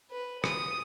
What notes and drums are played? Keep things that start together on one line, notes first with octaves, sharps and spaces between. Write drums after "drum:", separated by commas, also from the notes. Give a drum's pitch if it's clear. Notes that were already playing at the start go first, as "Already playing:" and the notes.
B4
D#6, drum: rim click